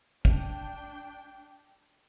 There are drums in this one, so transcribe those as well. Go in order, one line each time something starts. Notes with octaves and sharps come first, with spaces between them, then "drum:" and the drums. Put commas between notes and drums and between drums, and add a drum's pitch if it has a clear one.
D4 G5, drum: kick